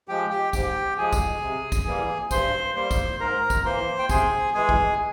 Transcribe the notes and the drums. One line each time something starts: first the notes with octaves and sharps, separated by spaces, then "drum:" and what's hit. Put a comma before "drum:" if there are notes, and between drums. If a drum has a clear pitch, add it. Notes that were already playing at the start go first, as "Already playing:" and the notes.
F3 G#3 G4 G5
G4 G5
G#2 G4 G5, drum: kick, tambourine
F3 G#3 G#4 G#5
drum: kick, tambourine
C3
drum: kick, tambourine
E3 G3 A#3
G2 C5 C6, drum: kick, tambourine
G3 A#3 C5 C6
drum: kick, tambourine
G#2 A#4 A#5
drum: kick, tambourine
E3 A#3 C5 C6
G5
C3 G#4 G#5, drum: kick, tambourine
E3 G#3 G#4 G#5
drum: kick